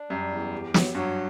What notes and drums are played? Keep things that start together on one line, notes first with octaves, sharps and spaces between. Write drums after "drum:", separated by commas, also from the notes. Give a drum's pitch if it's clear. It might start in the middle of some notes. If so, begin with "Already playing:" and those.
Already playing: D4
F#2 G3
E2
G4
F#3, drum: snare
G2 F#3